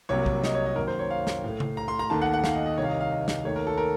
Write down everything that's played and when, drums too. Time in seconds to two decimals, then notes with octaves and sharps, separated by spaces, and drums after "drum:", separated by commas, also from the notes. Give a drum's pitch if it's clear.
0.09 C2 C3 F#3 A#3 C#5
0.26 drum: kick
0.44 D#5, drum: snare
0.55 C#5
0.66 D#5
0.76 F#2 D#3 F#3 A#3 A#4
0.87 C5
0.99 C#5
1.11 F5
1.27 drum: snare
1.44 A2 A3
1.60 drum: tom C#3
1.77 A#5
1.88 C6
1.99 A#5
2.10 D#2 D#3 A3 A5
2.21 F#5
2.33 F#5
2.44 F5, drum: snare
2.55 D#5
2.66 D#5
2.78 C2 C3 D#3 C#5
2.84 F5
2.89 D#5
3.01 F5
3.11 D#5
3.28 drum: snare
3.44 D#2 D#3 A3 C#5
3.56 A#4
3.67 A4
3.78 A#4